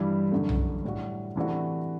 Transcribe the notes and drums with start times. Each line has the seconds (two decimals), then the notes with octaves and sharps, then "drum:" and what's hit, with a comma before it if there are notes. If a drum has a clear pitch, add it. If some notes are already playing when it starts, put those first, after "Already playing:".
Already playing: G2 E3 G3
0.31 F#2 D3 F#3 A3
0.49 drum: tom B1
0.84 A2 G3 D4 F#4
1.36 C3 E3 A3 D4 F#4